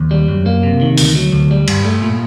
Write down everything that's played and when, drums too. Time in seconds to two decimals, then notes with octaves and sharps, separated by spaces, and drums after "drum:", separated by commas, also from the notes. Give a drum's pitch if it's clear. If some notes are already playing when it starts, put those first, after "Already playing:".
Already playing: D#2
0.11 G3
0.28 F#2
0.46 A#3
0.63 C3
0.81 D#3
0.98 D2, drum: open hi-hat
1.15 F#3
1.32 D2
1.51 G3
1.68 G2, drum: cymbal
1.85 A3
2.02 A#2